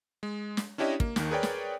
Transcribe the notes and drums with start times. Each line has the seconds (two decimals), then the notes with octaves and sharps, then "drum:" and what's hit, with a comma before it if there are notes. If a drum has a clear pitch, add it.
0.23 G#3
0.57 drum: snare
0.78 C#4 D4 E4 G4 C#5 D#5
1.00 A#3, drum: kick
1.16 D#2 D#3, drum: snare
1.31 G#4 A#4 B4 C#5 D5 G5
1.43 drum: snare